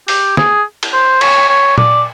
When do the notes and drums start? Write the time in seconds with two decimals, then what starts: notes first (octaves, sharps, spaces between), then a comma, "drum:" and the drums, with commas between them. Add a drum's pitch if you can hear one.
0.08 G4, drum: open hi-hat
0.37 G#4, drum: snare
0.83 drum: cymbal
0.94 C5
1.21 C#5, drum: cymbal
1.49 C#5
1.78 D5, drum: tom A#2